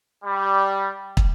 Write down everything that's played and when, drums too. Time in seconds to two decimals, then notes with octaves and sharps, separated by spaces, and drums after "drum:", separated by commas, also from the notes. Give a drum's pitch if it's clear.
0.24 G3
1.17 drum: kick